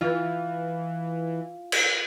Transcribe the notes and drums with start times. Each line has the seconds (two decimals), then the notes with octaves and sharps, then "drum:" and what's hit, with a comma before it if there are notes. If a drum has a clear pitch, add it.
0.01 E3 F4
1.72 drum: cymbal